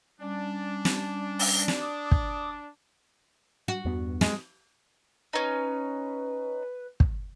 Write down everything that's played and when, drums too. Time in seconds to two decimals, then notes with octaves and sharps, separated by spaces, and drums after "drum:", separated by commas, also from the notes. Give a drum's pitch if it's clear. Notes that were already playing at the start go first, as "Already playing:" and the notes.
0.21 G3 C#4 D4
0.85 drum: snare
1.39 drum: open hi-hat
1.68 drum: snare
1.80 D6 D#6
2.11 drum: kick
3.68 F#4
3.85 E2 G2 B3
4.21 G#3, drum: snare
5.33 C#4 D#4 B4
7.00 drum: kick